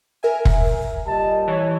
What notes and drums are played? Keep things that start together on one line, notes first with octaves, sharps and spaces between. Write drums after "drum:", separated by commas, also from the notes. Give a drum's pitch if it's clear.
A#4 E5 G#5
drum: kick F1
A#2 G3 D#5 A5
E3 C#5